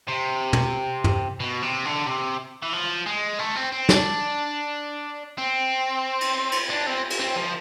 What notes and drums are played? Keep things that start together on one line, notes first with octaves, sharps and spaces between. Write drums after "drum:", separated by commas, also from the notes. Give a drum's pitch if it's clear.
C3
drum: tom
drum: tom
B2
C3
D3
C3
E3
F3
G#3
A3
C4
C4
D4, drum: snare
C4
drum: cymbal
drum: cymbal
D4
C4
drum: cymbal
C4
F3